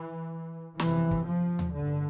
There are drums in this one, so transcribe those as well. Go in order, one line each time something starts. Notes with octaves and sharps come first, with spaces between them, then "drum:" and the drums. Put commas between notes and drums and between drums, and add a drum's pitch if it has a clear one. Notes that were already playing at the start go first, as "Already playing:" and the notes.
Already playing: E3
G1 F2 C3 E3, drum: snare
drum: kick
F3
drum: tom D#2
A1 G2 D3